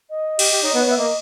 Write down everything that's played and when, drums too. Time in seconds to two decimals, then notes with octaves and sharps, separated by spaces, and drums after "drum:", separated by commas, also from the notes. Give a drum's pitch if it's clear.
0.10 D#5
0.39 G4, drum: cymbal
0.52 G4
0.64 D#4 C#5
0.71 B3 D#5
0.81 C#5
0.86 B3
0.90 E5
0.98 A#3 D#5